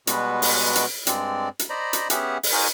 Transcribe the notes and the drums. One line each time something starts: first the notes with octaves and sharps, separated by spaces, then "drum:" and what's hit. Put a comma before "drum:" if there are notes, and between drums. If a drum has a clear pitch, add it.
B2 G3 G#3 B3 F#4 B4, drum: hi-hat
drum: open hi-hat
drum: hi-hat
G2 G#3 C4 D5, drum: hi-hat
drum: hi-hat
C5 D5 D#5 A#5 B5
drum: hi-hat
B3 C#4 G4 G#4 E5 F#5, drum: hi-hat
drum: open hi-hat
D#4 F#4 G#4 A#4 C5 G#5